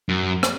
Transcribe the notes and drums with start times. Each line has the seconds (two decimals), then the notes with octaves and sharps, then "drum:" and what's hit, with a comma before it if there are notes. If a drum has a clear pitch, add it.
0.09 F#2
0.43 drum: rim click